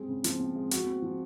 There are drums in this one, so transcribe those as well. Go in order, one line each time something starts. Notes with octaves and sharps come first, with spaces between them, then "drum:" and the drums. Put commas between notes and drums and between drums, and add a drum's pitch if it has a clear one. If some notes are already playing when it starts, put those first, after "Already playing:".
Already playing: G#3 C4
C#3
F3, drum: hi-hat
C4
G#3
F#4, drum: hi-hat
C4
F3